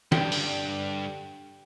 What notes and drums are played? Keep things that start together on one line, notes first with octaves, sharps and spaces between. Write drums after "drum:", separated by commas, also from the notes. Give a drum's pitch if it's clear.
C#2 G2 D3 G4, drum: snare
drum: open hi-hat